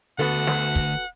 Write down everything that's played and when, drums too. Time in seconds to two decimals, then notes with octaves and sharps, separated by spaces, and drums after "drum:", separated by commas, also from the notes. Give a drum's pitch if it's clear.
0.19 D2 B3 F#4 A4 F#5
0.47 drum: snare
0.76 drum: kick